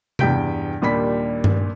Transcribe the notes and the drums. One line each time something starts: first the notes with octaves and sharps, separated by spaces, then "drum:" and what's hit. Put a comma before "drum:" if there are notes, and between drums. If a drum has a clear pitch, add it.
E2 G2 G5 G6 B6 D7, drum: tom C3
D#2 A#2 G3 D4 B5 B6
drum: tom G2